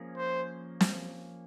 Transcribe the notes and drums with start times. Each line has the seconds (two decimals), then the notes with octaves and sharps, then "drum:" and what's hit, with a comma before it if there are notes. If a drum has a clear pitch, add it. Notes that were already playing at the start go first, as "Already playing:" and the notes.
Already playing: F3 A#3 C#4 G#4
0.17 C5
0.80 drum: snare